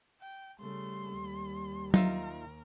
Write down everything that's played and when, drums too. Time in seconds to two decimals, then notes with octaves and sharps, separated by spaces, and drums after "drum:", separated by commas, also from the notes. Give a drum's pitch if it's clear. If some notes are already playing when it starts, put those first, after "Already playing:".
0.21 G5
0.60 C#3 G3 A3 C6
1.13 D#2
1.94 D#4 F4 A#4 E5, drum: tom F#3